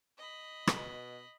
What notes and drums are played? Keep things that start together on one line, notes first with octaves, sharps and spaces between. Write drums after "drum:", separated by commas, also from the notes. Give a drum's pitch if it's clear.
D#5 B5
B2, drum: rim click